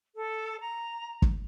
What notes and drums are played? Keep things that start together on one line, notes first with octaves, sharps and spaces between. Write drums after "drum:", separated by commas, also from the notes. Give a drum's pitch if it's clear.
A4
A#5
drum: kick